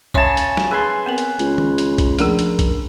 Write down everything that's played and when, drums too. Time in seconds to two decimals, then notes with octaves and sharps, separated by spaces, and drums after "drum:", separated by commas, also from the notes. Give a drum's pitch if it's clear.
0.14 C#3 C#5 E5 G#5 A5 C6, drum: kick B1
0.37 drum: hi-hat
0.57 drum: snare
0.71 G#4 B4 G#5 C6
1.06 B3 C4 A#4
1.18 drum: hi-hat
1.39 C#2, drum: hi-hat
1.58 drum: tom
1.78 drum: hi-hat
1.98 drum: kick B1, hi-hat
2.19 F3 A3 A#3 D4 G#4 A#4, drum: hi-hat
2.39 drum: hi-hat
2.59 drum: kick B1, hi-hat